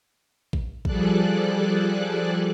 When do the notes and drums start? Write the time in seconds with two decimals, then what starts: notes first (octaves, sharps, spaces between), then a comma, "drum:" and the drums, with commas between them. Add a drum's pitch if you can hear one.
0.53 drum: kick A1
0.85 F3 G3 G#4 A4 D5 F#6, drum: kick A1